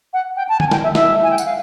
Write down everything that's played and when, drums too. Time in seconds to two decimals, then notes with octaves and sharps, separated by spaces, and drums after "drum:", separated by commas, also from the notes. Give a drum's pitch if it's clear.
0.13 F#5
0.36 G5
0.49 A5
0.60 G#5, drum: tom D3
0.71 G5, drum: snare
0.83 E5
0.95 E5, drum: snare
1.23 G#5
1.31 G5
1.38 F#5, drum: tambourine
1.46 F5